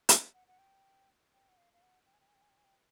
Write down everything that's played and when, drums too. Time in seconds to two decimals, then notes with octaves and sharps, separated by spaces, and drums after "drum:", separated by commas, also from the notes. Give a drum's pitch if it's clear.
0.09 drum: hi-hat
0.34 F#5
0.48 F#5
0.58 G5
1.33 G5
1.48 F#5
1.57 F5
1.73 F5
1.82 F#5
2.06 G5
2.13 G#5
2.20 G5
2.27 G#5
2.35 G5
2.42 G#5
2.50 G5
2.57 G#5
2.64 G5